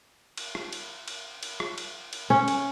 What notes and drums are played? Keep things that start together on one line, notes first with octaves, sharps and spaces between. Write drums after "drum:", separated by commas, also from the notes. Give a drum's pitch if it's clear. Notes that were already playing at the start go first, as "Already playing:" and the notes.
drum: cymbal
drum: rim click
drum: cymbal
drum: cymbal
drum: cymbal
drum: rim click
drum: cymbal
drum: cymbal
C#4
drum: cymbal